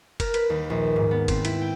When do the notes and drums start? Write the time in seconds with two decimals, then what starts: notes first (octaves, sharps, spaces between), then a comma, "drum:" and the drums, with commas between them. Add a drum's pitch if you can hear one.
0.20 A#4, drum: kick F#1, cymbal
0.34 B4, drum: cymbal
0.50 D#2
0.70 A#1
0.96 G#2
1.11 B3
1.28 C4, drum: kick F#1, cymbal
1.45 E4, drum: cymbal
1.62 G5